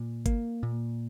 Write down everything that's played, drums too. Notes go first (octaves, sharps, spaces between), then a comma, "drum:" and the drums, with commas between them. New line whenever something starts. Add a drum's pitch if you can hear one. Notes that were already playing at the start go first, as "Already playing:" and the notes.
Already playing: A#2
A#3, drum: kick G1, hi-hat
A#2